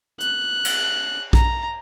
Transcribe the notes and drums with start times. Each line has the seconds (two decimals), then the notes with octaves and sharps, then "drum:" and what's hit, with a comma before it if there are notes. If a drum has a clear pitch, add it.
0.20 F#6, drum: hi-hat
0.65 drum: cymbal
1.33 A#5, drum: kick A#1